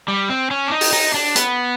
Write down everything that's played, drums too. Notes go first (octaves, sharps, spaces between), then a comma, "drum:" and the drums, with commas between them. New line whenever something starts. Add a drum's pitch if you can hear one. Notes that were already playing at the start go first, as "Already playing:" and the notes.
G3
C4
C#4
D4
D#4
drum: open hi-hat
D#4
D4
B3, drum: hi-hat